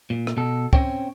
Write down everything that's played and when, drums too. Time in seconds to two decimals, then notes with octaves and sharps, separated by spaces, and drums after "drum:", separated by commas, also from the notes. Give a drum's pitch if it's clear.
0.10 A#2
0.27 drum: rim click
0.37 B2 A4
0.73 C4 C#4 C5 C#5 G5, drum: kick